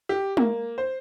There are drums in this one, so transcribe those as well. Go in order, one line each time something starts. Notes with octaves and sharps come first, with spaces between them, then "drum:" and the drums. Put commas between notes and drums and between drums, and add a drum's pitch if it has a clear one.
G4
A#3, drum: tom
C5